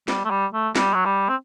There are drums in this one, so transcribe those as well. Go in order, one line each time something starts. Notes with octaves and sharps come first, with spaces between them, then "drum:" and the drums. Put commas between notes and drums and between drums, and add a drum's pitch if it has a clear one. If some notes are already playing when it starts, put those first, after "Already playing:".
G3, drum: snare
A3
G3
A3
G3, drum: snare
F#3
G3
C4